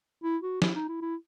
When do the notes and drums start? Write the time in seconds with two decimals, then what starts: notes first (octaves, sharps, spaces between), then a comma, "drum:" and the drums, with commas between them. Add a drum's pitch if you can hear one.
0.24 E4
0.43 F#4
0.62 E4, drum: snare
0.75 D#4
0.89 E4
1.02 E4